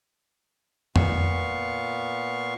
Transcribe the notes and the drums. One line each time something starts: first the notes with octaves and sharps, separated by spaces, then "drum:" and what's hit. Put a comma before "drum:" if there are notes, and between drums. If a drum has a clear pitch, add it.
A#2 B3 F5 C#6, drum: tom F2